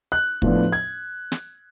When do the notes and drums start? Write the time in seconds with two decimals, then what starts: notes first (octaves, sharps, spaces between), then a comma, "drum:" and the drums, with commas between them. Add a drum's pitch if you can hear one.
0.12 F#6
0.42 A2 F3 B3 D4, drum: kick
0.72 G#6
1.32 drum: snare